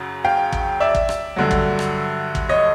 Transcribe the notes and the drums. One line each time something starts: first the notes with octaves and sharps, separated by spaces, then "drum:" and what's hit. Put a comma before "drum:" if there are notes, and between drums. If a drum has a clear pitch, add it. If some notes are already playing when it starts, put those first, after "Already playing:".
Already playing: F#2 C#3 F#3
F5 G5
drum: kick
D5 E5
drum: kick
drum: rim click
G2 D3 F#3
drum: kick
drum: rim click
drum: kick
C#5 D#5